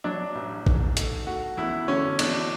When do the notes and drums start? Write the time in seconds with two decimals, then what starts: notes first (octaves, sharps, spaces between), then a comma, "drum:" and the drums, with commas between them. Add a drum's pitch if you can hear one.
0.04 F#3 D4
0.35 A1
0.66 G#2, drum: kick A1
0.97 A3, drum: hi-hat
1.27 A3 F#4
1.57 E2 E4
1.88 D3 C#4
2.19 E2 D4, drum: cymbal